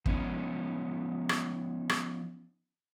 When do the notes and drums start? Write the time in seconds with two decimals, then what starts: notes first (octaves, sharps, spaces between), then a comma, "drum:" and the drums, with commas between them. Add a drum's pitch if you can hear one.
0.06 F3 B3 C#4 D#4, drum: kick
1.29 drum: rim click
1.89 drum: rim click